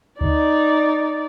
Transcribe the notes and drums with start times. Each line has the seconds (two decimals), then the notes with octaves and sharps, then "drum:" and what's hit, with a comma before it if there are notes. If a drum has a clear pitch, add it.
0.21 D#4 D5, drum: kick D2